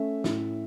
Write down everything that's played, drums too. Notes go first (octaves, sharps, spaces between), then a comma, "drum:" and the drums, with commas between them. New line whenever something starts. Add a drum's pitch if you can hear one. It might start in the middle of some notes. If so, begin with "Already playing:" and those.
Already playing: A3 C#4 E5
A2, drum: snare